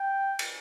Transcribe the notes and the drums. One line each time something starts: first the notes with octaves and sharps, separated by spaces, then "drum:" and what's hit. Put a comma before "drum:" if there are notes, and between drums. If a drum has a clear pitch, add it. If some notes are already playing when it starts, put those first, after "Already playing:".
Already playing: G5
drum: cymbal